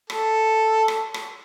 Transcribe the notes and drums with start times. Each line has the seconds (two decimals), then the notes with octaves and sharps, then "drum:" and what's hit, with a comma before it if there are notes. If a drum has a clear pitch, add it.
0.10 A4, drum: rim click
0.88 drum: rim click
1.14 drum: rim click